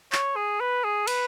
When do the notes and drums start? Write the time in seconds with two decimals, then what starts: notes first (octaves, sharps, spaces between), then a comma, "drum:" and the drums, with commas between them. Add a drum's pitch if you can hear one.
0.12 C#5, drum: clap
0.36 G#4
0.60 B4
0.84 G#4
1.08 B4, drum: cymbal